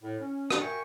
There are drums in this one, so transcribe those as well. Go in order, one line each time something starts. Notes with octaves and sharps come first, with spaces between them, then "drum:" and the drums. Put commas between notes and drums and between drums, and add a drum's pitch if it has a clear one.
A2
C#4
D4, drum: rim click
F#4 A#4 E5 G5 G#5 C#6